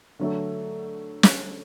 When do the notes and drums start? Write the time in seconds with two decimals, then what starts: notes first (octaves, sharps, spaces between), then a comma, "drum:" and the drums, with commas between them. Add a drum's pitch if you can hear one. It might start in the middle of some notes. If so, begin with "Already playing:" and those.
0.19 D3 F#3 A3
1.23 drum: snare